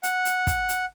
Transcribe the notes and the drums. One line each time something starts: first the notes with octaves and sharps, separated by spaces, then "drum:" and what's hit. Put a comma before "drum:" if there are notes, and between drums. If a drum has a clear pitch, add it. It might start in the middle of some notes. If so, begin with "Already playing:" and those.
F#5, drum: hi-hat
drum: hi-hat
drum: kick, hi-hat
drum: hi-hat